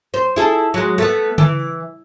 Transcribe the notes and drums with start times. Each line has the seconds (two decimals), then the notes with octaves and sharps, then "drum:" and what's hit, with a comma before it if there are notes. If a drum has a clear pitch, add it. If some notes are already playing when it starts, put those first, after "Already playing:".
0.14 C5
0.36 E4 G#4 A4
0.74 F#3 G#3
0.98 A3 B3
1.38 E3, drum: tom C#3